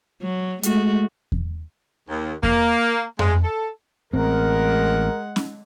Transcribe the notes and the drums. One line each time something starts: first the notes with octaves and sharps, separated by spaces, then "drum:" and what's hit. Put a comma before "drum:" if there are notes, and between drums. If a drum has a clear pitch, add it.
F#3
G#3 A3 F#4, drum: hi-hat
drum: kick E2
D#2
A#3, drum: kick E2
G#3, drum: tom F2
A4
A1 G#3 C4 A#4 F#5
drum: snare C#4